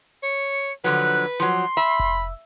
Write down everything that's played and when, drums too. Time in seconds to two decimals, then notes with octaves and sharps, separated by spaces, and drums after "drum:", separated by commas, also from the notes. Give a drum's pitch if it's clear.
0.23 C#5 C#7
0.84 D3 F3 F#3 B4 F#6
1.40 F3 F#3 C6, drum: snare
1.77 E5 B5
2.00 drum: kick F1